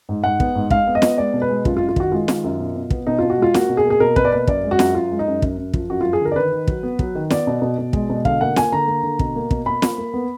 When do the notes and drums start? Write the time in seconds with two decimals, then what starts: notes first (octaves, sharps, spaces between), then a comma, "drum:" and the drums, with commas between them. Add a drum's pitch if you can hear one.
0.09 G#2
0.24 G#2 F#5
0.40 B3, drum: kick
0.55 G#2
0.70 G#3 F5, drum: kick
0.87 B3
0.95 D#5
1.02 B3, drum: snare
1.18 G#3 D5
1.34 B2
1.42 B4
1.49 G#3
1.65 F#2 F4, drum: kick
1.77 F4
1.81 F#2
1.89 F4
1.96 D#3 F#4, drum: kick
2.12 G#3 F4
2.28 D#3, drum: snare
2.44 F#2
2.60 B2
2.75 B2
2.90 B3, drum: kick
3.07 B2 D#4
3.19 B2 F4
3.30 F#4
3.38 G#3 F4
3.54 A#3 F#4, drum: snare
3.69 B2
3.77 G#4
3.85 A#3
3.90 G#4
4.00 B2 A#4
4.16 B2 B4, drum: kick
4.25 D5
4.32 A#3 B4
4.47 F#2 D5, drum: kick
4.64 G#3
4.71 F#4
4.79 F#2, drum: snare
4.95 F#2 F4
5.11 G#3
5.19 D#4
5.27 F#2
5.42 F#2, drum: kick
5.58 F#2
5.74 F3, drum: kick
5.90 F#2 F#4
6.01 F3 F4
6.13 G#4
6.21 D3 A#4
6.32 D5
6.36 D#3 B4
6.52 D#3
6.67 F#3, drum: kick
6.83 B3
6.99 F#3, drum: kick
7.15 D#3
7.30 B3 D5, drum: snare
7.47 B2
7.62 B2
7.79 B2
7.93 G#3, drum: kick
8.10 B2
8.25 D3 F5, drum: kick
8.41 A#3 F#5
8.56 A#3 G#5, drum: snare
8.72 D3 A#5
8.88 A#3
9.03 D3
9.19 B2, drum: kick
9.36 A#3
9.51 B2, drum: kick
9.66 A#3 B5
9.82 A#3, drum: snare
9.98 A#3
10.14 B3